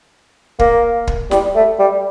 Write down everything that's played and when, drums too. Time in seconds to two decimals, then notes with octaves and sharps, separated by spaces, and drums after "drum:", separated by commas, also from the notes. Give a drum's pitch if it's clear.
0.59 A#3, drum: kick
1.07 drum: kick
1.31 G3, drum: snare
1.55 A3
1.80 G3